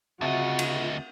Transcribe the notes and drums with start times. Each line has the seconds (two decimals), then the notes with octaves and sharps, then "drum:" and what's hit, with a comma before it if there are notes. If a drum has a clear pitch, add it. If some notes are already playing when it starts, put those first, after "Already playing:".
0.21 D2 C#3 C4 F4 F#4 D#5 E5 A6
0.59 drum: cymbal